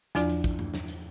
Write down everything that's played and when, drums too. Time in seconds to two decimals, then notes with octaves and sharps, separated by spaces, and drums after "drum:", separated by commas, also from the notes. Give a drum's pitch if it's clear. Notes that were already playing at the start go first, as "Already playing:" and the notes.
0.15 E2 F3 D4 F4 D5, drum: snare
0.30 drum: hi-hat
0.44 drum: kick, hi-hat
0.59 drum: tom G2
0.74 drum: snare
0.88 drum: hi-hat